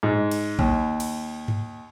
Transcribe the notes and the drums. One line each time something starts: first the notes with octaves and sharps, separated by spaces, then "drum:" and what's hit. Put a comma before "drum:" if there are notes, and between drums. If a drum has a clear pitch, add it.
G#2
drum: cymbal
D#2, drum: kick A#1
drum: cymbal
drum: tom G2